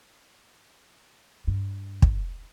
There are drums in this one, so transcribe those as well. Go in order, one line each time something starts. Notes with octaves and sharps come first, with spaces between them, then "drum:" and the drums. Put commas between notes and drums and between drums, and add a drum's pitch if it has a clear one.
G2
drum: kick